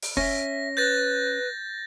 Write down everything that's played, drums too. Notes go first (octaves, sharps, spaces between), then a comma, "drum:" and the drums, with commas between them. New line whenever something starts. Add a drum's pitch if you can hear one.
drum: open hi-hat
C#4 E5 A#6, drum: kick
B4 G6 A6 A#6